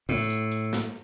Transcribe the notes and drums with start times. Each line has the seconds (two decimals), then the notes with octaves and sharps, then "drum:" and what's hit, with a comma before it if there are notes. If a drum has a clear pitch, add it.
0.09 A2, drum: open hi-hat
0.30 drum: hi-hat
0.52 drum: hi-hat
0.73 drum: snare